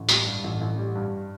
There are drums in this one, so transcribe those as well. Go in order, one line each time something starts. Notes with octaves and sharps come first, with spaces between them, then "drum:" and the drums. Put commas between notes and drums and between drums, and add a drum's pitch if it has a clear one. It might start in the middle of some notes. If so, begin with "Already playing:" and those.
Already playing: A1
G3, drum: tambourine
G2
A1
A1
G3
G2